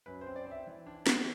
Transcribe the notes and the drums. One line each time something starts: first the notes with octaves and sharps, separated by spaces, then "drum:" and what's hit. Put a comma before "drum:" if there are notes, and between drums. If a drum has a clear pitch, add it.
F#2 B4
C5
C4
D5
C4 E5
E3
D4
E3, drum: snare